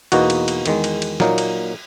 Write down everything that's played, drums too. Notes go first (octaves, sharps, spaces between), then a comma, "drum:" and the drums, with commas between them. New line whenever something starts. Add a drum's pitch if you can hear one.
E2 B2 A#3 D#4 F#4, drum: cymbal
drum: cymbal
drum: cymbal
E2 D#3 G#3, drum: cymbal
drum: cymbal
drum: cymbal
A#2 F#3 A#3 D#4, drum: snare
drum: cymbal